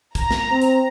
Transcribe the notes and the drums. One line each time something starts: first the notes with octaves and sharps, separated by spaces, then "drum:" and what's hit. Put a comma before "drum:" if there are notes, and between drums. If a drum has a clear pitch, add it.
A#5, drum: kick, hi-hat
drum: snare
C4
drum: hi-hat